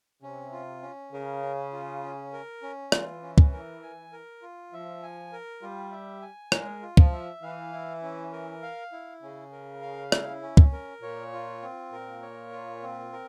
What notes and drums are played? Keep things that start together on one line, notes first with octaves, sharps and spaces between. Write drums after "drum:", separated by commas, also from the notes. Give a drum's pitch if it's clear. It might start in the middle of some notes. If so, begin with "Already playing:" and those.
C3 C#4
F4
C#4
C#3 A#4
C#4
F4
C#4
A#4
C#4
E3 F4, drum: rim click
C#4
drum: kick
A#4
G#5
A#4
F4
F3 E5
G#5
A#4
G3 F4
E5
G#5
G#3 A#4, drum: rim click
F4
F3, drum: kick
E5
E3 F5
E4
C#4
A#4
F5
E4
C#3 C#4
A#4
F5
E4, drum: rim click
C#4
drum: kick
A#4
A#2 C#5
F4
C4
A#2 A#4
C#5
F4
C4
A#4